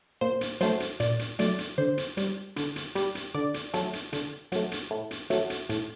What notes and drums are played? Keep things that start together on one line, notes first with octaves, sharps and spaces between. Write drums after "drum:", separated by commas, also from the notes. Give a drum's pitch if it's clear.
A#2 C5
drum: hi-hat
F#3 A3 C5, drum: hi-hat
drum: hi-hat
A#2 D5, drum: hi-hat
drum: hi-hat
F#3 A3 D5, drum: hi-hat
drum: hi-hat
D3 C5
drum: hi-hat
G3, drum: hi-hat
D3, drum: hi-hat
drum: hi-hat
G3, drum: hi-hat
drum: hi-hat
D3 D5
drum: hi-hat
F#3 A3, drum: hi-hat
drum: hi-hat
D3, drum: hi-hat
F#3 A3, drum: hi-hat
drum: hi-hat
A2
drum: hi-hat
F#3 A3, drum: hi-hat
drum: hi-hat
A2, drum: hi-hat